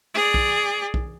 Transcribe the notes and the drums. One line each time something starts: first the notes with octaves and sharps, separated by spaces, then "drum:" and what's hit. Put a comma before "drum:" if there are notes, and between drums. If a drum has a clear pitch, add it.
G#4 D5
drum: kick B1
drum: kick B1